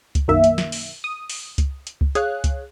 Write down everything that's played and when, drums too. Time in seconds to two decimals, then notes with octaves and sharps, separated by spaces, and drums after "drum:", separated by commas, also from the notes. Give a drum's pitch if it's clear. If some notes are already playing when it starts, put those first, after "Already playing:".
0.15 drum: kick C#2, hi-hat
0.28 B1 F#2 D#3 A#3 E5
0.44 drum: hi-hat
0.58 drum: snare
0.72 drum: open hi-hat
1.04 D#6
1.30 drum: open hi-hat
1.58 drum: kick C#2, hi-hat
1.87 drum: hi-hat
2.01 drum: kick C#2
2.15 G#4 C#5 F5 F#6, drum: hi-hat
2.44 drum: kick C#2, hi-hat